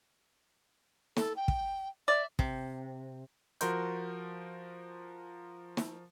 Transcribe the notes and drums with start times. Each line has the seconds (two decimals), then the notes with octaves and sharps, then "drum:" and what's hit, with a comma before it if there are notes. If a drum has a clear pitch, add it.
1.16 A4, drum: snare
1.36 G5
1.48 drum: kick
2.08 D5 E5
2.39 C3, drum: kick
3.61 F3 F#4 A#4 C6 G6, drum: hi-hat
5.77 drum: snare